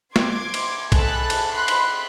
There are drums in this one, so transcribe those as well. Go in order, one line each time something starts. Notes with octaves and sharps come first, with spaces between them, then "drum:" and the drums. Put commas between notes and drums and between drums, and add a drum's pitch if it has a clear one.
C6 D6 G#6, drum: snare
drum: cymbal
G#4 A4 A5 B5 F#6, drum: kick A#1, cymbal
drum: cymbal
B5 C6 F#6
drum: cymbal